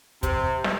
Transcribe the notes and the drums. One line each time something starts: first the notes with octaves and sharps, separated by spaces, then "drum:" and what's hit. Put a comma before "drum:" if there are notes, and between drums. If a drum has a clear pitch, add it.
C3, drum: kick, hi-hat
drum: snare